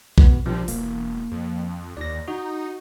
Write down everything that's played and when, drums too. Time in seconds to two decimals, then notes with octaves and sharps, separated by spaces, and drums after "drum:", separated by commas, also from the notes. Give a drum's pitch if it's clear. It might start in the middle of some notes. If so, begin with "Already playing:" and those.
0.18 B2 B3, drum: kick A#1
0.46 A#1 C3 F3 G3
0.68 E1 A#3, drum: open hi-hat
1.32 F2
1.97 D#2 D5 A#6
2.28 D#4 F#4